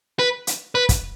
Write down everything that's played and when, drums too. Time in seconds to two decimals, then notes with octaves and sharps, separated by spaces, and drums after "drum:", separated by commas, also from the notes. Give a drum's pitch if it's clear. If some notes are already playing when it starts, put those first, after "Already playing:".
0.19 B4
0.47 drum: hi-hat
0.75 B4
0.89 drum: kick, hi-hat